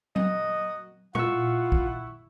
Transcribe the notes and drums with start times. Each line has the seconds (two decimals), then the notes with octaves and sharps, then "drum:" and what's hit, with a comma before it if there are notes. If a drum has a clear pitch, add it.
0.16 A#3 F#4 D#5, drum: tom F#3
1.15 E4 F4 F#5 C#6 E6, drum: tom A#2
1.72 drum: kick